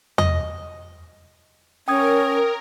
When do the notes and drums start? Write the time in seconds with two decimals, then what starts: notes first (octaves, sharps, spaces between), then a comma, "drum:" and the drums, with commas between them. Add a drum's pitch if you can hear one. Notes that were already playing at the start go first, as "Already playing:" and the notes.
0.18 D#5, drum: tom E2
1.88 C#4 A#4 G5 D#6 G#6